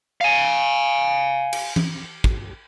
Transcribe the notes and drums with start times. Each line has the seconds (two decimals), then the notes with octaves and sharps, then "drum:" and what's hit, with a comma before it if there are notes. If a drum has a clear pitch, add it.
0.21 F5 G#5
1.53 drum: cymbal
1.76 drum: tom E3
2.24 drum: kick